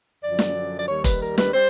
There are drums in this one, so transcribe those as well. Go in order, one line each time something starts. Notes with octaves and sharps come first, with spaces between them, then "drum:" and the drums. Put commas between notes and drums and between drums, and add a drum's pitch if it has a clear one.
F#2 D3 F3 D5
drum: snare
D5
D#2 D#3 G3 C#5
B4, drum: kick F1, hi-hat
A#4
B4, drum: snare
G3 C5